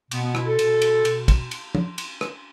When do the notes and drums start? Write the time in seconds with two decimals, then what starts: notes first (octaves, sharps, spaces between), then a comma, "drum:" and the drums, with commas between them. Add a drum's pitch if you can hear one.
0.11 B2 B3, drum: cymbal
0.23 B3
0.35 E4, drum: rim click
0.46 A4
0.59 B2, drum: cymbal
0.82 drum: cymbal
1.05 B2, drum: cymbal
1.28 drum: kick, cymbal
1.51 drum: cymbal
1.75 drum: tom
1.98 drum: cymbal
2.21 drum: rim click